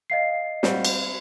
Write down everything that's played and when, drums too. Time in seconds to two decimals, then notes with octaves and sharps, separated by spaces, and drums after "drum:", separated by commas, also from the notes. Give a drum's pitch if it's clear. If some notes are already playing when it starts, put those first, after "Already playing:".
0.10 D#5 F5 C7
0.63 G3 C4 F#4, drum: snare
0.85 drum: cymbal